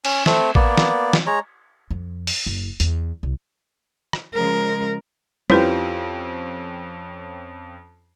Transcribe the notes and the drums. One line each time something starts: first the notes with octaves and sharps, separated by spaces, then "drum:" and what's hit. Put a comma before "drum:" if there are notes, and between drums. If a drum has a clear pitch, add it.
C#4, drum: cymbal
A3 C4, drum: snare
A#3 B3 D5, drum: kick A1
drum: snare
drum: snare
G#3 C#5 A#5
F2
drum: open hi-hat
F#1
E2, drum: hi-hat
C2
drum: rim click
C#3 F3 G#3 A#4
F2 C4 C#4 E4 F4 G4 B4, drum: tom